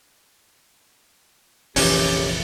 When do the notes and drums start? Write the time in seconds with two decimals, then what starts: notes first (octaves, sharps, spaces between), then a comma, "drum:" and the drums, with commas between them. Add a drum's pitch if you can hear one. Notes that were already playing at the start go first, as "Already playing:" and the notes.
1.76 F1 A#1 E3 C#4 G4, drum: open hi-hat